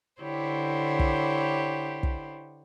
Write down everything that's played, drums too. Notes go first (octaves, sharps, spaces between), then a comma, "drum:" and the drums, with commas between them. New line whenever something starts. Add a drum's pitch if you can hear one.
D3 E4 G4 C5 C#5
drum: kick
drum: kick